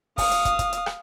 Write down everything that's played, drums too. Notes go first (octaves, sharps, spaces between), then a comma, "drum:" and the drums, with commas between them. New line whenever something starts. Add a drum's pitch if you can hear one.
F5 D#6, drum: kick, open hi-hat
drum: hi-hat
drum: kick, hi-hat
drum: kick, hi-hat
drum: hi-hat
drum: rim click